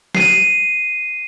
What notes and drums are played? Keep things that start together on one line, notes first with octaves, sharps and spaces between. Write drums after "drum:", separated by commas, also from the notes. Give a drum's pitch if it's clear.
C7 D#7, drum: snare